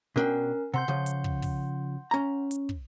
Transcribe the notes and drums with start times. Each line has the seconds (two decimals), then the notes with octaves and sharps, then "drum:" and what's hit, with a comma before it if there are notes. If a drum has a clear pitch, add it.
0.16 B2 C#4 D4 A#4 G5
0.74 C3 F#5 C6 G6
0.88 C#3 F3
1.06 drum: hi-hat
1.24 drum: kick
1.42 drum: kick, open hi-hat
2.11 C#4 A#5
2.51 drum: hi-hat
2.69 drum: kick